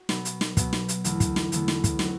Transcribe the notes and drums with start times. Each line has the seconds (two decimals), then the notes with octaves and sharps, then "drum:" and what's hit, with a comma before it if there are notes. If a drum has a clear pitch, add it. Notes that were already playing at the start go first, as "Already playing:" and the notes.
Already playing: F#4
0.09 B2 F#3 B3, drum: snare
0.25 drum: hi-hat
0.41 drum: snare
0.57 B2 F#3 B3, drum: kick, hi-hat
0.73 drum: snare
0.88 drum: hi-hat
1.04 E2 D3 A3, drum: hi-hat
1.20 drum: kick, hi-hat
1.36 drum: snare
1.52 E2 D3 A3, drum: hi-hat
1.68 drum: snare
1.84 drum: kick, hi-hat
1.99 F#3 C4 F#4, drum: snare